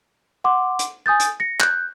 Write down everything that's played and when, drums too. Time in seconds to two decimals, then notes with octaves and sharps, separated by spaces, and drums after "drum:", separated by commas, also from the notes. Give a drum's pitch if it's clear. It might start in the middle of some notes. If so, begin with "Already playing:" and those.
0.44 F#5 C6 D6
0.79 drum: hi-hat
1.06 G#5 D#6 G6 A6
1.20 drum: hi-hat
1.40 A#6 C#7
1.60 F#6 G6, drum: clap